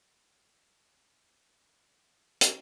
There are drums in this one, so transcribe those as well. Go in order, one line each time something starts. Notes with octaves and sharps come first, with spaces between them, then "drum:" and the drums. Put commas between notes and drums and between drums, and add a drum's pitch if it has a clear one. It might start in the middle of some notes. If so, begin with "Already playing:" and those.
G2 B5
drum: hi-hat